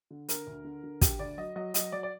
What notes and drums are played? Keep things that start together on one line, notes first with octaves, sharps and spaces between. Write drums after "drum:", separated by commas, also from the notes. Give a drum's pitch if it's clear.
D3
D3 A#4, drum: hi-hat
D2
D3
D3
D2 G4, drum: kick, hi-hat
D2 D5
F#3 D#5
F#3 D#5
F#3 D#5, drum: hi-hat
F#3 D5
D5